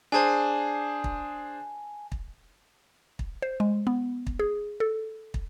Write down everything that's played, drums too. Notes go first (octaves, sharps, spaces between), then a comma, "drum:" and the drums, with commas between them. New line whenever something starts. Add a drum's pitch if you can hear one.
D4 G#4 C5 G#5 A5
drum: kick
drum: kick
drum: kick
C5
G#3
B3
drum: kick
G#4
A4
drum: kick